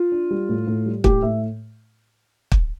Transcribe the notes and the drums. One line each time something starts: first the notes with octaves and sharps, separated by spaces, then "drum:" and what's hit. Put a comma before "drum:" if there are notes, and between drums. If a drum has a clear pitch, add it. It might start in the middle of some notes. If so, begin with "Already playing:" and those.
Already playing: F4
D4
G3
A2
A2
G3
A2 G4, drum: kick
A2 E5
drum: kick